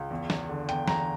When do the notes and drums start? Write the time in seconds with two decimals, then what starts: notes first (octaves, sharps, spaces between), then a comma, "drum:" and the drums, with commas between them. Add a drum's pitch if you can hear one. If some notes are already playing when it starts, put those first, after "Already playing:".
Already playing: C#2
0.11 E2
0.30 E2, drum: snare
0.49 D3
0.69 E2 G5, drum: hi-hat
0.88 E2 A#5, drum: snare